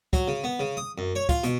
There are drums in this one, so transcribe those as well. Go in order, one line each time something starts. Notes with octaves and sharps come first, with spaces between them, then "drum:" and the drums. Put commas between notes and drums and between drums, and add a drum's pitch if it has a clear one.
F#3, drum: kick, hi-hat
C#3
B3
C#3
D#6
F#2
C#5
F4, drum: kick, hi-hat
B2, drum: hi-hat